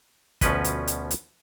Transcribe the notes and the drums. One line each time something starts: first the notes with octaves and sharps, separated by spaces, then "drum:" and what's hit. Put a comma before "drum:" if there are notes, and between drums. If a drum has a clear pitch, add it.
D2 B2 F3 C#4 B4 D#5, drum: kick, hi-hat
drum: hi-hat
drum: hi-hat
drum: hi-hat